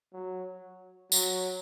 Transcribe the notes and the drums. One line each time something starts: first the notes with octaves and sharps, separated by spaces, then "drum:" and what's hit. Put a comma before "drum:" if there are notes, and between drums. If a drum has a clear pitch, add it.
F#3
F#3, drum: tambourine